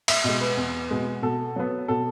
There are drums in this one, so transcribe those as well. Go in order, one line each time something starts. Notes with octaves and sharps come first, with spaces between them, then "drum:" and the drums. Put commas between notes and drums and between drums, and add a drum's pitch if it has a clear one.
E5, drum: cymbal
B2 G#3 D#5
B4
E2
B2 G#3
B2 A4
F#3 B3
B2 A4